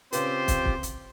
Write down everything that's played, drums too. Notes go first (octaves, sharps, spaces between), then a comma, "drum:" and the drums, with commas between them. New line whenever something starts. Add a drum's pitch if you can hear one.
C#3 C4 F4 G4 B4 C5, drum: hi-hat
drum: kick, hi-hat
drum: kick
drum: hi-hat